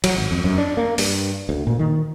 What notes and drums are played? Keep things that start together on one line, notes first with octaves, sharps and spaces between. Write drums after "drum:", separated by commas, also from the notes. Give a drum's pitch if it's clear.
F#3, drum: cymbal
G#1
F2
F#2
D4
A#3
G2, drum: open hi-hat
D2
A#2
D#3